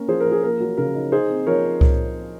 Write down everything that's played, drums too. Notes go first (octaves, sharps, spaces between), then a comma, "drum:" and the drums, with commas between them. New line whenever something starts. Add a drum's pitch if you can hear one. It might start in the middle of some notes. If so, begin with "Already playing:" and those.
Already playing: A#3 C#4 A#4
F3 G#4 C5
A#4
F3
G#4
A#3 A#4
F#3
C#3 A#4
D#4
D#4 G#4 C5
C4
F3 A#4 C#5
drum: kick C2